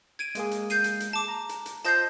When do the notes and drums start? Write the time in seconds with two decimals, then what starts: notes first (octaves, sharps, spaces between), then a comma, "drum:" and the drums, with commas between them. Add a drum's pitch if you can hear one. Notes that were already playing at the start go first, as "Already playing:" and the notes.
0.19 G#6 D7 D#7
0.35 G#3 A#3 G#4, drum: hi-hat
0.51 drum: hi-hat
0.70 G6 C7 D#7, drum: hi-hat
0.84 drum: hi-hat
1.00 drum: hi-hat
1.13 A5 D6
1.28 A#5
1.49 drum: hi-hat
1.66 drum: hi-hat
1.85 F4 C5 D#5 A5 G6 C7, drum: hi-hat